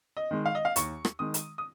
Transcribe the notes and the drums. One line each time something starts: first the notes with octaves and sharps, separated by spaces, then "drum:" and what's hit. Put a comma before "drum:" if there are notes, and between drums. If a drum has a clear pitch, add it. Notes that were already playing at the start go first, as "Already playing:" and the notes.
D#5
D#3 G#3
F5
D#5
F5
D#2 C#6, drum: hi-hat
drum: rim click
D#3 G#3 D#6
drum: hi-hat
D#6